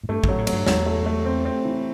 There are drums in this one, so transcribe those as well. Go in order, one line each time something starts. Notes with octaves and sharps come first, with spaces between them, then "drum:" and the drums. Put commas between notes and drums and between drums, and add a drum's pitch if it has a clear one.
A2
G2 A3
G2 F#3, drum: kick
A2
F#3, drum: cymbal
G2
E2 F#3, drum: snare
A3
A3
C4
C4
E3